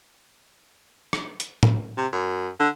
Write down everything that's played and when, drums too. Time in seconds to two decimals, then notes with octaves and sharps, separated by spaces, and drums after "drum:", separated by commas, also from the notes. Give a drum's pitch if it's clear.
1.13 drum: rim click
1.40 drum: hi-hat
1.63 drum: tom A2
1.97 C3
2.12 F#2
2.59 D3